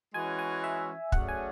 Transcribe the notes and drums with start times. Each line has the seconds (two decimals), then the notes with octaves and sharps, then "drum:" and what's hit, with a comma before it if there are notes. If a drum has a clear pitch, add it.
0.14 E3 G#3 C#4 F#4 G#5
0.39 G#5
0.64 E5
1.12 F#3 A3 C#4 G#4 D5 F#5, drum: kick
1.28 G#5